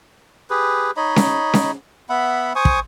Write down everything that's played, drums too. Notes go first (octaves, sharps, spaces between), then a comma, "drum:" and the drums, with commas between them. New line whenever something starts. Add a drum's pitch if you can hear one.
G4 G#4 B4
D#4 C#5 D#5 B5
drum: snare C#4
drum: snare C#4
B3 E5 F#5 B5
C5 G#5 C#6 D#6
drum: kick